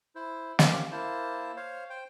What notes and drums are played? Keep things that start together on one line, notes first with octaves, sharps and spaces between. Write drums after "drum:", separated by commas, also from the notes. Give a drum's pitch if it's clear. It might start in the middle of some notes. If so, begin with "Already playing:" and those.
E4 C5
A#3 C4 C#4 G4, drum: snare
A#3 E4 C5 A5
C5 C#5 F5
C5 G5